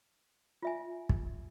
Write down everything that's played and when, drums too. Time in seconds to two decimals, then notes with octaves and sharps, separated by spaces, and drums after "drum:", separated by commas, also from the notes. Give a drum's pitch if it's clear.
0.62 F4 E5 G#5
1.09 drum: kick